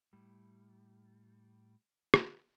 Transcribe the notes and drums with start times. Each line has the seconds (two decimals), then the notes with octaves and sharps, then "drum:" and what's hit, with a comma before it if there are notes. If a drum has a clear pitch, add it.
0.13 A2 G3
2.14 drum: rim click